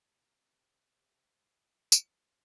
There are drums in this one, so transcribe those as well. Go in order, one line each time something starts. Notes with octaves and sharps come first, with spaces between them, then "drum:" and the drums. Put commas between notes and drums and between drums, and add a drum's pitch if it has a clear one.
C3
C3
F3, drum: tambourine